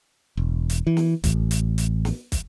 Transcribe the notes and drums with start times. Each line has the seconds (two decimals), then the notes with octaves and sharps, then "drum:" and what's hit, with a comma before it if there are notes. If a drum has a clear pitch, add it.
0.37 E1
0.70 drum: hi-hat
0.87 E3
0.97 drum: snare
1.24 A1, drum: kick, hi-hat
1.51 drum: hi-hat
1.78 drum: hi-hat
2.05 drum: snare
2.32 drum: kick, hi-hat